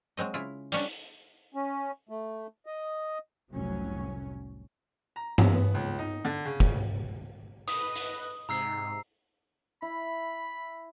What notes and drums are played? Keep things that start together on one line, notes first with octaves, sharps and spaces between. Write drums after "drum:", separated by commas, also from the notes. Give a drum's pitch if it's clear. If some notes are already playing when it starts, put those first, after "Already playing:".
F#3 G#3 C4 D#5
C#3 E4 F4
G3 C#4 D4, drum: hi-hat
C#4
A3
D#5
F1 C2 A2 F#3 C#4
A#5
F#2, drum: tom G2
B3
C#2
D#4
D3
C#3
drum: kick
B4 D#5 D#6, drum: hi-hat
drum: hi-hat
G#2 C3 A#5 E6 C7
E4 B5